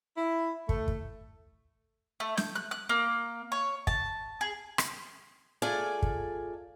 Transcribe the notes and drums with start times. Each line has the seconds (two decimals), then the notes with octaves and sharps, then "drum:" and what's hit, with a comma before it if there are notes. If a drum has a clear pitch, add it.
0.18 E4
0.69 A3, drum: kick
0.88 drum: kick
2.20 A3
2.37 G6, drum: snare
2.55 F#6
2.71 F#6
2.89 A#3
3.52 C#5
3.87 A5, drum: kick
4.41 G#4
4.78 drum: rim click
5.62 A3 F4 G#4 A4 D5 G#5
6.02 drum: kick